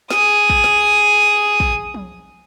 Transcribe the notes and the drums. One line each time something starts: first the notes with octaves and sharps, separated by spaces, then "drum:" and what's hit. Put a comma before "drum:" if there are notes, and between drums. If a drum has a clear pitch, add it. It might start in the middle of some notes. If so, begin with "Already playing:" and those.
G#4 D#6, drum: snare
drum: kick
drum: snare
drum: kick
drum: tom F3